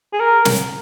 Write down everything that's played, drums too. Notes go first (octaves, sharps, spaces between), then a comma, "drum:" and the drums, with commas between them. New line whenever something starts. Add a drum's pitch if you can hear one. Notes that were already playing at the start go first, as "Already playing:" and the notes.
G#4
A#4
drum: snare